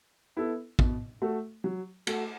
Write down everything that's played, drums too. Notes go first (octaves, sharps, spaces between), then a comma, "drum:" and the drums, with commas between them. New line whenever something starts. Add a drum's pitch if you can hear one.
B3 E4 A4
B2, drum: kick
A3 F#4 A4
F#3
A3 F#4 A4, drum: cymbal